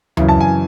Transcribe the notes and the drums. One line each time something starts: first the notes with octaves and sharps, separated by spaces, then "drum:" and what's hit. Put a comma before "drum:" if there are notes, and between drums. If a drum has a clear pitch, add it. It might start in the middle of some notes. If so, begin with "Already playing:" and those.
F#2 C#3 E3, drum: tom D2
A5
G#5